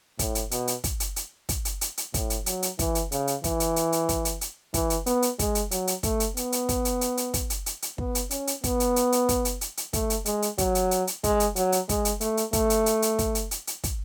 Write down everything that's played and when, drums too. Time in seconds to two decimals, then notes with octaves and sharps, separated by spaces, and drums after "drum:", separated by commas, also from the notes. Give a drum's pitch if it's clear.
0.19 A2, drum: kick, hi-hat
0.35 drum: hi-hat
0.51 B2, drum: hi-hat
0.67 drum: hi-hat
0.84 drum: kick, hi-hat
1.00 drum: hi-hat
1.16 drum: hi-hat
1.49 drum: kick, hi-hat
1.65 drum: hi-hat
1.81 drum: hi-hat
1.97 drum: hi-hat
2.14 A2, drum: kick, hi-hat
2.30 drum: hi-hat
2.46 F#3, drum: hi-hat
2.62 drum: hi-hat
2.79 E3, drum: kick, hi-hat
2.95 drum: hi-hat
3.12 C#3, drum: hi-hat
3.27 drum: hi-hat
3.44 E3, drum: kick, hi-hat
3.60 drum: hi-hat
3.76 drum: hi-hat
3.92 drum: hi-hat
4.09 drum: kick, hi-hat
4.25 drum: hi-hat
4.41 drum: hi-hat
4.74 E3, drum: kick, hi-hat
4.90 drum: hi-hat
5.06 B3, drum: hi-hat
5.22 drum: hi-hat
5.39 G#3, drum: kick, hi-hat
5.55 drum: hi-hat
5.71 F#3, drum: hi-hat
5.87 drum: hi-hat
6.03 A3, drum: kick, hi-hat
6.20 drum: hi-hat
6.37 B3, drum: hi-hat
6.52 drum: hi-hat
6.69 drum: kick, hi-hat
6.85 drum: hi-hat
7.01 drum: hi-hat
7.17 drum: hi-hat
7.34 drum: kick, hi-hat
7.50 drum: hi-hat
7.66 drum: hi-hat
7.82 drum: hi-hat
7.98 B3, drum: kick
8.15 drum: hi-hat
8.31 C#4, drum: hi-hat
8.47 drum: hi-hat
8.64 B3, drum: kick, hi-hat
8.80 drum: hi-hat
8.96 drum: hi-hat
9.12 drum: hi-hat
9.29 drum: kick, hi-hat
9.45 drum: hi-hat
9.61 drum: hi-hat
9.77 drum: hi-hat
9.93 A3, drum: kick, hi-hat
10.10 drum: hi-hat
10.26 G#3, drum: hi-hat
10.42 drum: hi-hat
10.58 F#3, drum: kick, hi-hat
10.75 drum: hi-hat
10.91 drum: hi-hat
11.07 drum: hi-hat
11.24 G#3, drum: kick, hi-hat
11.40 drum: hi-hat
11.56 F#3, drum: hi-hat
11.72 drum: hi-hat
11.89 G#3, drum: kick, hi-hat
12.05 drum: hi-hat
12.21 A3, drum: hi-hat
12.37 drum: hi-hat
12.53 A3, drum: kick, hi-hat
12.70 drum: hi-hat
12.86 drum: hi-hat
13.02 drum: hi-hat
13.19 drum: kick, hi-hat
13.35 drum: hi-hat
13.51 drum: hi-hat
13.67 drum: hi-hat
13.84 drum: kick, hi-hat